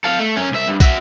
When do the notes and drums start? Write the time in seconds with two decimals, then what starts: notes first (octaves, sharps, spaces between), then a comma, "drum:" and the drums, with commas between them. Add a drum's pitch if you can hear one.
0.04 A4 F5
0.19 A3
0.36 F#2 C#4
0.51 C2 E5
0.67 G2
0.80 F#4 E5, drum: kick, tambourine